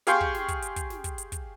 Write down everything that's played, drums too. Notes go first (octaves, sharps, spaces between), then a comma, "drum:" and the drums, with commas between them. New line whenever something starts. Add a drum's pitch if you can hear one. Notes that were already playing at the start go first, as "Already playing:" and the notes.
G4 G#4 F5 G5 C6 C#6, drum: hi-hat
drum: kick
drum: snare
drum: kick, hi-hat
drum: hi-hat
drum: kick, hi-hat
drum: snare
drum: kick, hi-hat
drum: hi-hat
drum: kick, hi-hat